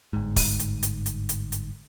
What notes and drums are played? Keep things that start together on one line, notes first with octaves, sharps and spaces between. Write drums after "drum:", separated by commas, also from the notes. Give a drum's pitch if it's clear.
G1 G#2
drum: kick, open hi-hat
drum: hi-hat
drum: hi-hat
drum: hi-hat
drum: hi-hat
drum: hi-hat